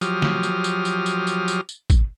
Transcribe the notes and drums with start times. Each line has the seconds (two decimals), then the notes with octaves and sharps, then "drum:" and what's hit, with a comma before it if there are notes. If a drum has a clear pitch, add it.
0.01 F3 F#3 G4 D#6 F6, drum: tambourine
0.22 drum: snare
0.43 drum: tambourine
0.64 drum: tambourine
0.85 drum: tambourine
1.06 drum: tambourine
1.27 drum: tambourine
1.48 drum: tambourine
1.69 drum: tambourine
1.90 drum: kick, tambourine